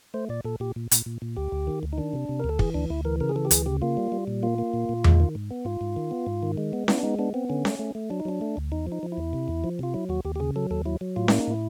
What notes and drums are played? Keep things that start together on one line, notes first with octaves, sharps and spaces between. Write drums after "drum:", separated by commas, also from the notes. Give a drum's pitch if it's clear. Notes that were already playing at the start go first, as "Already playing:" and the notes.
A3 C5
A#2 D5
A#2 A4
A#2 G4
A#2
A#2, drum: hi-hat
A#2
A#2
D2 G4
D2
D#3
D2
D#4
D#3 D4
C3
C3
D2 A#4
A4
E3 G#4, drum: kick
D2 D4
D2 E4
E3 A#4
C#3 A#4
G#4
E3 A4
G4
D2 G#4, drum: hi-hat
C#3 G4
A#3 F4
G3
G3
A#2
A#3 F4
A#3
A#2
A#2
G#3, drum: tom E2
D#3
G#2
B3
G#2 F4
G#2
D#3
B3
G#2
D#3
G#3
B3
B3 E4, drum: snare C#4
D4
G#3 D#4
B3 D4
B3 C4
D3 C#4
A3, drum: snare C#4
A3
A3
F#3 D4
D#4
F#3 D4
A3
D2
E2 D#4
F3
D#4
F3
E4
E2
C3
E2
F3
C3 F4
F#3 E4
D#2 F#4
D#2 G4
G4
C#3 G#4
F#3 A4
D#2 A4
F#3 E4
F#3
A2 F4
A#3 E4, drum: snare C#4
D#4
A2 E4